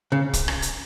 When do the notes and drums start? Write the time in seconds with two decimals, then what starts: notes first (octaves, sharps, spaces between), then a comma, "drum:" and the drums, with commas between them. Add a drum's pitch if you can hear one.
0.12 C#3
0.33 drum: kick, hi-hat
0.48 drum: rim click
0.62 drum: hi-hat